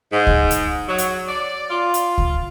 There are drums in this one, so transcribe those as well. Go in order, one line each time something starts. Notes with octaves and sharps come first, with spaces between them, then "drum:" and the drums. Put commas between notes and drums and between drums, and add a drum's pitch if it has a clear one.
G#2
drum: kick C#2
drum: hi-hat
F#3
drum: hi-hat
D5
F4
drum: hi-hat
drum: kick C#2